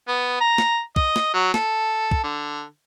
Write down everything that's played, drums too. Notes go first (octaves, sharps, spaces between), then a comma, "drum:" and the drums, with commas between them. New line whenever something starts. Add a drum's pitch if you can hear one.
B3
A#5
drum: snare
D#5, drum: kick
drum: snare
F#3
A4, drum: snare
drum: kick
D3